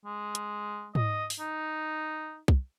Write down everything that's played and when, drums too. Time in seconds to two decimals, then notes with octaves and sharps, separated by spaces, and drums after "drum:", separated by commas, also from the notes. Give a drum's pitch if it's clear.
0.05 G#3
0.35 drum: hi-hat
0.95 D#5, drum: tom G#2
1.30 drum: open hi-hat
1.40 D#4
2.48 drum: kick C2